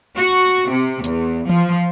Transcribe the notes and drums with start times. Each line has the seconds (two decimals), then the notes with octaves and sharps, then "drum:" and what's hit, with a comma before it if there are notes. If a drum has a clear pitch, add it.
0.16 F#4
0.71 C3
1.04 E2, drum: hi-hat
1.49 F3, drum: tom E3